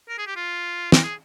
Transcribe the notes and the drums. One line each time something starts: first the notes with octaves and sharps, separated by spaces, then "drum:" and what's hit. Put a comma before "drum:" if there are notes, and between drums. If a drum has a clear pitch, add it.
A#4
G#4
G4
F4
A#4, drum: snare
G#4